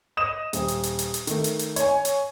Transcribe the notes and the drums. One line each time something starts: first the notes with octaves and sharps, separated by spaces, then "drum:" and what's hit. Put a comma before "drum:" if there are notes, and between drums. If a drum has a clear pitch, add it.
D#5 D#6 E7
D#1, drum: hi-hat
drum: hi-hat
drum: hi-hat
drum: hi-hat
drum: hi-hat
D#3 A3, drum: hi-hat
drum: hi-hat
drum: hi-hat
C#5 G#5, drum: hi-hat
drum: hi-hat